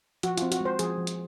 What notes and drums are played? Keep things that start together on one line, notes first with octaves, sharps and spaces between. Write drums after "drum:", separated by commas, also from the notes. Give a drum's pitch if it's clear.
F3 F#4, drum: hi-hat
C4 F4, drum: hi-hat
F#4, drum: hi-hat
G#3 C5
F3 G#4, drum: hi-hat
F3
drum: hi-hat